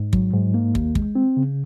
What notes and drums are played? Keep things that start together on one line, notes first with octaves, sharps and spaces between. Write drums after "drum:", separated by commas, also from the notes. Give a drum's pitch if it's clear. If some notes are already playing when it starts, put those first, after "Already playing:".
Already playing: G#2
F#3, drum: kick
G#2
A#3
D#2, drum: kick
G#3, drum: kick
C4
C#3